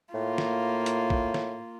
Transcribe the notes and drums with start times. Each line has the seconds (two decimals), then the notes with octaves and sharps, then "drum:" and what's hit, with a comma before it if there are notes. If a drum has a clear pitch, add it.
0.14 A2 A#3 F4
0.38 drum: snare
0.86 drum: hi-hat
1.10 drum: kick
1.34 drum: snare